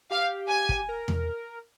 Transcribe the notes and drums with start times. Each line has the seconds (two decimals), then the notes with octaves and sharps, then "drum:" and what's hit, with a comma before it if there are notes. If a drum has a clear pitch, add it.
0.10 G4 F5
0.49 G#5
0.69 drum: kick
0.89 A#4
1.08 drum: tom E2